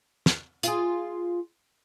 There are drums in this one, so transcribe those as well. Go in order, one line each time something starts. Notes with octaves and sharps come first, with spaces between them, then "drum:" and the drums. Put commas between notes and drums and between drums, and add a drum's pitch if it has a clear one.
drum: snare
F4 G#4, drum: hi-hat